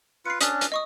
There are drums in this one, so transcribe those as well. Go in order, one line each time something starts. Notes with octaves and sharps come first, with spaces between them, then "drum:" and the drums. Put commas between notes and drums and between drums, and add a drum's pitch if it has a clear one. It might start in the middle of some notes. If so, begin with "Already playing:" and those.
F4 B4 C7 C#7
C#4 D4 D#6, drum: hi-hat
drum: hi-hat
D#5 C#6 D#6